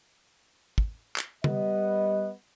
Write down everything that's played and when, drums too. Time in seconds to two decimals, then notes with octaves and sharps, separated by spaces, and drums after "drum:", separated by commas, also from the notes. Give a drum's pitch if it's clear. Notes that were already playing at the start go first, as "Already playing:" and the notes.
0.78 drum: kick
1.16 drum: clap
1.44 G3 B3 D#5, drum: tom C#3